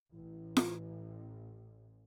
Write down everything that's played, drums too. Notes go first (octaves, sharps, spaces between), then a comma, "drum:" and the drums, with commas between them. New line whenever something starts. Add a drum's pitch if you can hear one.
A1 E3
drum: snare F4